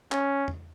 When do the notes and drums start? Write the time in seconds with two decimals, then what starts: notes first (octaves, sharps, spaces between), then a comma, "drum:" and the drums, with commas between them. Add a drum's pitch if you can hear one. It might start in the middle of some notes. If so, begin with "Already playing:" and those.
0.12 C#4, drum: clap
0.48 drum: tom E2